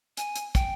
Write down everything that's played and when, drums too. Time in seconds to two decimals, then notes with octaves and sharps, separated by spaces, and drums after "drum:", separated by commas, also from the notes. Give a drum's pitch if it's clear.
0.17 G#5, drum: hi-hat
0.36 drum: hi-hat
0.55 G5, drum: kick, hi-hat